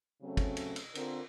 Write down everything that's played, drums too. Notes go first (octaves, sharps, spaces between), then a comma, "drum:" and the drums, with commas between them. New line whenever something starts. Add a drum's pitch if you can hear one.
C#3 F#3 A3 C4 C#4
drum: kick, cymbal
drum: cymbal
drum: cymbal
D3 C4 F4 A#4, drum: cymbal